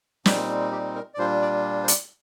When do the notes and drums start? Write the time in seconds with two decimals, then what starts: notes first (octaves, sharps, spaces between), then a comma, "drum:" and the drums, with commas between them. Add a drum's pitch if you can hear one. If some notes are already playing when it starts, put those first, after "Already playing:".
0.26 A#2 G3 C4 D#4, drum: snare
0.72 G4
0.95 A#4
1.14 D5
1.18 A#2 G3 D4 F4 C5
1.42 D5
1.83 C5
1.88 D5, drum: hi-hat